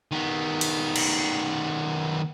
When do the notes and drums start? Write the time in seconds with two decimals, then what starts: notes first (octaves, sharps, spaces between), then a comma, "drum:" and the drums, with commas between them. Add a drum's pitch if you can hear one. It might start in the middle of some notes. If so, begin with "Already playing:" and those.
0.11 D#3 B3
0.61 drum: cymbal
0.96 drum: cymbal